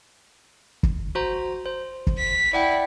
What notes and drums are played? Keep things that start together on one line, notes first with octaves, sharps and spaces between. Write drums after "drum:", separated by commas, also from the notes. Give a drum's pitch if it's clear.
drum: kick
F#4 C5 A#5
C5
drum: kick
B6
E4 D5 F#5 G5